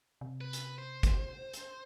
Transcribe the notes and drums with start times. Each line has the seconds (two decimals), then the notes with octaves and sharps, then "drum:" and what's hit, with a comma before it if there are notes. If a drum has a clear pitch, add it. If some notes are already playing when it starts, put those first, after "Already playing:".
0.21 C3
0.41 B4
0.53 drum: hi-hat
0.78 C5
1.03 drum: kick, hi-hat
1.53 drum: hi-hat